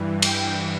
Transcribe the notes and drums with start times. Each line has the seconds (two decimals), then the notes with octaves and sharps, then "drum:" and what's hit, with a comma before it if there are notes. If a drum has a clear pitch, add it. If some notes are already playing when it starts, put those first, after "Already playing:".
Already playing: G2 E3
0.22 G5, drum: cymbal